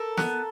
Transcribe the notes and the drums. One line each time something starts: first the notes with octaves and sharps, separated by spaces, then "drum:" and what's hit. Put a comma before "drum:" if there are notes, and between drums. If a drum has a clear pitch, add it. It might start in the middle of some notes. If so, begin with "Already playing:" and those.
Already playing: A4 A#4
B3, drum: snare